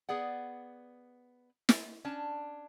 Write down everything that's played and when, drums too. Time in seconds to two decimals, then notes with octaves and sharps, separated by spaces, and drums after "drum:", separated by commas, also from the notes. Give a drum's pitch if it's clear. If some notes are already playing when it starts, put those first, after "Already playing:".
0.09 B3 G#4 D5 F#5
1.69 drum: snare
2.05 C#4 D4 A5